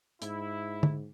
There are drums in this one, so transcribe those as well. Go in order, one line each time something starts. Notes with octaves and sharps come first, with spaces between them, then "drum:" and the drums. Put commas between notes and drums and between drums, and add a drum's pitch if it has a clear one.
G#2 E4, drum: hi-hat
drum: tom D3